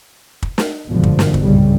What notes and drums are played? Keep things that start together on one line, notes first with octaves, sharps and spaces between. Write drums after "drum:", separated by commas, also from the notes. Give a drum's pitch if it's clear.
drum: kick
drum: snare
G#1 E2 G2 B2 D3 F3
drum: kick
drum: snare
drum: kick
C2 G2 A#2 C#3 G3